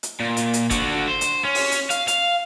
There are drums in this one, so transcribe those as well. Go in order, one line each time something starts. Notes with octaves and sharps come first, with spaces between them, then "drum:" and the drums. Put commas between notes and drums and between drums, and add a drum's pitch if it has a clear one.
drum: hi-hat
A#2
drum: hi-hat
drum: hi-hat
D3 F#4, drum: kick F#1, hi-hat
C5
drum: hi-hat
C#4
drum: open hi-hat
drum: hi-hat
F5, drum: hi-hat
F5, drum: hi-hat